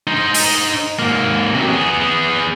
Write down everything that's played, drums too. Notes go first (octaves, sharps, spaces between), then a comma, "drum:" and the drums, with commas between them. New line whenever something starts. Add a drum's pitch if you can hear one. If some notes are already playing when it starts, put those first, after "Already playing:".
D#4 C5
drum: open hi-hat
G#2 A#3
C3 F#3
B3 G#4